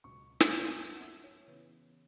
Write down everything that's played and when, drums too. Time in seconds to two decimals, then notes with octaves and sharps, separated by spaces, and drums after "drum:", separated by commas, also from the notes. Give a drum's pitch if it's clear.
0.04 C#2 B2 F#3 B3 C#6
0.40 B5, drum: snare
0.76 F#2 F#3 C#4 E4 A5
0.93 F#5
1.00 E5
1.24 C#5
1.47 C#3 E3 B3 E4 B4